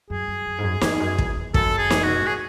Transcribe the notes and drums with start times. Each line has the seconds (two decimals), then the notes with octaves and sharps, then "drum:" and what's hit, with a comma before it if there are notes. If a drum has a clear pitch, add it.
0.10 F#2 G#4
0.28 F#2
0.46 F#2
0.58 G#2
0.63 F#2
0.81 E2, drum: snare
1.00 F#2
1.18 E2, drum: kick
1.36 E2
1.54 F#2 A4, drum: kick
1.78 G#4
1.90 drum: snare
2.03 C#3 F#4
2.12 B2
2.20 A2
2.26 G#4